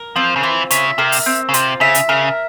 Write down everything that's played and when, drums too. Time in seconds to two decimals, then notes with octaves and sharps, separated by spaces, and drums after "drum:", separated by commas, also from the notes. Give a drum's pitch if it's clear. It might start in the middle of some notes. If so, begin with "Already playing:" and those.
Already playing: A#4
0.16 F3 C4
0.36 C#3
0.43 E3 F4
0.71 C#3 E5, drum: hi-hat
0.98 C3 A#4
1.12 drum: open hi-hat
1.26 C4
1.49 C#3
1.54 C3 F4, drum: hi-hat
1.80 C#3 E5
1.95 drum: hi-hat
2.09 C#3 A#4